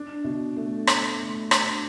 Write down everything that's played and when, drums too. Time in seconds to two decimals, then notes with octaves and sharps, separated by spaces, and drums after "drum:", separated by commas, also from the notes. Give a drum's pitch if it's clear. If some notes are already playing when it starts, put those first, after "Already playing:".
Already playing: D4
0.24 B2
0.56 A3
0.87 A3, drum: rim click
1.19 A3
1.51 D4, drum: rim click